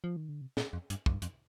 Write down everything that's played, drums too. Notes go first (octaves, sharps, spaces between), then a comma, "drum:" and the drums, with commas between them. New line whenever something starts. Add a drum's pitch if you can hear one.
F3
D#3
D3
C3
A#2, drum: snare
F2
G2, drum: hi-hat
F2, drum: kick
G2
F2, drum: hi-hat